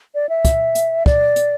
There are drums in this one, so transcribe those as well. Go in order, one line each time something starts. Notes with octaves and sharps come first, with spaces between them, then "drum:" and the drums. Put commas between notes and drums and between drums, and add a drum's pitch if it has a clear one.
D5
E5
drum: kick, hi-hat
drum: hi-hat
D5, drum: kick
drum: hi-hat